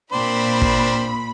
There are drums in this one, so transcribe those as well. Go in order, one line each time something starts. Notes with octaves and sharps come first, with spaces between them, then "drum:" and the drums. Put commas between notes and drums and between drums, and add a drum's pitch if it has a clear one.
A#2 C4 D4 C5 B5
drum: kick